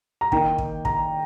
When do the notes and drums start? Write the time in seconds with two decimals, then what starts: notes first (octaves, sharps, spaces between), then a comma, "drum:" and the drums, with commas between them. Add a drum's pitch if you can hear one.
0.21 A#5
0.32 D#3 A#3 D#4 G5, drum: kick
0.58 drum: kick
0.85 A#5, drum: kick